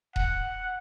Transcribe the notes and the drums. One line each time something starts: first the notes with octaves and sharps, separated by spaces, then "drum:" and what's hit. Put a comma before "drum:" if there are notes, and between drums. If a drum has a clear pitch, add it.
F#5, drum: kick D#1